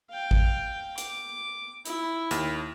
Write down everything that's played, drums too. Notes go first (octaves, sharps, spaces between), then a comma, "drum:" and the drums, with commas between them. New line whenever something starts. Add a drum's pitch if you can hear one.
F5 G5
drum: kick A1
D6, drum: hi-hat
E4, drum: hi-hat
D#2 F6, drum: hi-hat